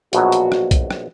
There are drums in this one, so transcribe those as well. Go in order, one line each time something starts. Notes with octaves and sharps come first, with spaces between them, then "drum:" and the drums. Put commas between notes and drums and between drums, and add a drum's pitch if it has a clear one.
A#1 B2 F#3 F#4, drum: hi-hat
drum: hi-hat
drum: rim click
drum: kick B1, hi-hat
drum: rim click